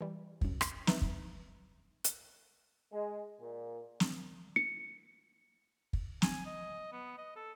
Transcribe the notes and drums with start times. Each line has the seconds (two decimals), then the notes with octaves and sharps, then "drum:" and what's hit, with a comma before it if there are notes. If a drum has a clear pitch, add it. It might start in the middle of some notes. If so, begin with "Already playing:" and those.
0.01 E3 G3
0.41 C2 F#2, drum: kick
0.61 drum: rim click
0.87 D#4 B4 E5, drum: snare
1.02 drum: kick
2.04 drum: hi-hat
2.92 G#3
3.40 A#2
4.00 drum: snare
4.56 C#7
5.93 drum: kick
6.22 G#5, drum: snare
6.46 D#5
6.93 B3
7.18 D#5
7.36 A4